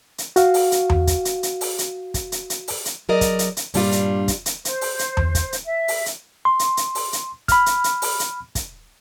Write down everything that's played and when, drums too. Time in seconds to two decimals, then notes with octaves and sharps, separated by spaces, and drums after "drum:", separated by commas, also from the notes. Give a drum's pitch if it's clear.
0.18 drum: hi-hat
0.36 F#4 F5, drum: hi-hat
0.54 drum: open hi-hat
0.72 drum: hi-hat
0.90 drum: tom E2
1.07 drum: kick, hi-hat
1.25 drum: hi-hat
1.43 drum: hi-hat
1.61 drum: open hi-hat
1.79 drum: hi-hat
2.14 drum: kick, hi-hat
2.32 drum: hi-hat
2.50 drum: hi-hat
2.68 drum: open hi-hat
2.85 drum: hi-hat
3.09 F#3 G#4 A#4 D5 D#5
3.21 drum: kick, hi-hat
3.39 drum: hi-hat
3.57 drum: hi-hat
3.74 G2 A#2 G3 D4 F4, drum: open hi-hat
3.92 drum: hi-hat
4.28 drum: kick, hi-hat
4.46 drum: hi-hat
4.65 C5, drum: hi-hat
4.81 drum: open hi-hat
4.99 drum: hi-hat
5.17 drum: tom E2
5.35 drum: kick, hi-hat
5.53 drum: hi-hat
5.64 E5
5.88 drum: open hi-hat
6.06 drum: hi-hat
6.45 C6
6.59 drum: hi-hat
6.77 drum: hi-hat
6.95 drum: open hi-hat
7.13 drum: hi-hat
7.48 B5 F6, drum: kick, hi-hat
7.66 drum: hi-hat
7.84 drum: hi-hat
8.02 drum: open hi-hat
8.20 drum: hi-hat
8.55 drum: kick, hi-hat